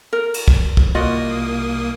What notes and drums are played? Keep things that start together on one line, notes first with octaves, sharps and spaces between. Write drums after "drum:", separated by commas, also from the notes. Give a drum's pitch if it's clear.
A#4
drum: cymbal
drum: kick
drum: kick
C2 A#3 F4 F#4 D#5 D#6